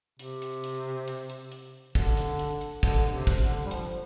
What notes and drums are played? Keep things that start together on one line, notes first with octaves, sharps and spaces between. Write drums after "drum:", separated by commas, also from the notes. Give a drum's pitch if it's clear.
C3, drum: hi-hat
drum: hi-hat
drum: hi-hat
drum: hi-hat
drum: hi-hat
drum: hi-hat
D3, drum: kick, hi-hat
drum: hi-hat
drum: hi-hat
drum: hi-hat
D3, drum: kick, hi-hat
C3
drum: kick, hi-hat
D3
G3
F3, drum: hi-hat